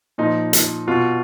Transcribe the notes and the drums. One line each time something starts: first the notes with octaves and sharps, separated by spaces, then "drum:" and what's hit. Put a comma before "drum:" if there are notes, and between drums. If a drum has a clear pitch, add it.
A#2 F3 D#4
drum: hi-hat
B2 F4